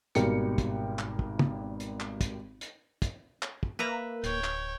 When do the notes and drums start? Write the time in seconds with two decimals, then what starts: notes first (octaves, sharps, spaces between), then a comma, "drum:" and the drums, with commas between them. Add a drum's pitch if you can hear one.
0.15 G#1 B2 G3 A#4 G5 C#7, drum: hi-hat
0.58 drum: kick, hi-hat
0.99 drum: clap
1.19 drum: kick
1.39 drum: tom
1.80 drum: hi-hat
2.00 drum: clap
2.21 drum: kick, hi-hat
2.61 drum: hi-hat
3.02 drum: kick, hi-hat
3.42 drum: clap
3.63 drum: kick
3.79 A#3 B4 E5 A#5
4.24 D1 C#5 G5, drum: hi-hat
4.44 drum: clap